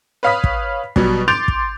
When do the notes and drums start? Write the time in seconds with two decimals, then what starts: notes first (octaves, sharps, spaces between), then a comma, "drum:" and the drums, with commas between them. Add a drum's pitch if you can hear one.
0.23 B4 C#5 F5 B5 D#6 B6
0.44 drum: kick
0.96 B2 F#3 G3, drum: kick
1.28 C6 D6 G6 A6 D7 F7
1.48 drum: kick